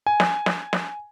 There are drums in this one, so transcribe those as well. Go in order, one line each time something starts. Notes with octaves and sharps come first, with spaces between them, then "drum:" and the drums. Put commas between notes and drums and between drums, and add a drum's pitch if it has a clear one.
G#5
drum: snare
drum: snare
drum: snare